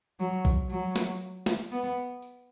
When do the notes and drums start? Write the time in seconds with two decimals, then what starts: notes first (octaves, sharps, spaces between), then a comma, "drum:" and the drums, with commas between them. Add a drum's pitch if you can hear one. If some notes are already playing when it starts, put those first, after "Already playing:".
0.20 F#3, drum: tambourine
0.45 drum: kick B1, tambourine
0.70 F#3, drum: tambourine
0.96 drum: snare
1.21 drum: tambourine
1.46 drum: snare
1.72 B3, drum: tambourine
1.97 drum: tambourine
2.22 drum: tambourine